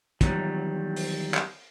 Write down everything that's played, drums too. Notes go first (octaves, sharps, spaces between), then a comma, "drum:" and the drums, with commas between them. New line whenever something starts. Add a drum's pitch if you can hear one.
E2 D#3 F#3 G3, drum: kick, hi-hat
drum: open hi-hat
drum: clap